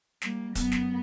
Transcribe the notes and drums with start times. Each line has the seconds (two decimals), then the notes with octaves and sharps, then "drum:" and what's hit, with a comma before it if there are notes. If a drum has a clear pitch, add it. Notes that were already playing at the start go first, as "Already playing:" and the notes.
0.22 G3 A#3, drum: snare
0.55 F#2 B3, drum: kick, hi-hat
0.72 drum: snare